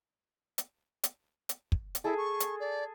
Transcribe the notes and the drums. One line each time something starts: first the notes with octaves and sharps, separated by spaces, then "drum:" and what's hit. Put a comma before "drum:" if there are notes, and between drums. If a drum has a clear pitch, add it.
drum: hi-hat
drum: hi-hat
drum: hi-hat
drum: kick
drum: hi-hat
E4 G#4 A4
C#6
drum: hi-hat
D5